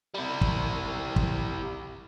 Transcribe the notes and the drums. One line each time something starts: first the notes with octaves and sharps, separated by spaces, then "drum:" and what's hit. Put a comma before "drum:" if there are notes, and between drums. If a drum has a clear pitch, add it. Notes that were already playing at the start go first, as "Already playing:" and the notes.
G3 E4
drum: kick
drum: kick